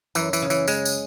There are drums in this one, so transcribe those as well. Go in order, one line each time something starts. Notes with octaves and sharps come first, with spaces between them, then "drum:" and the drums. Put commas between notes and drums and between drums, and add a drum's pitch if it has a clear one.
F#2 E3, drum: tambourine
E3, drum: tambourine
C#3
E3, drum: tambourine
C#3 G#3, drum: tambourine
drum: tambourine